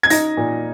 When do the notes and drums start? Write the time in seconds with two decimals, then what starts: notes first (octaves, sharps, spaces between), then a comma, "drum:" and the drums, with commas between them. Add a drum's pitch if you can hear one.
0.03 G#6
0.10 D#4 A#6, drum: hi-hat
0.37 A#2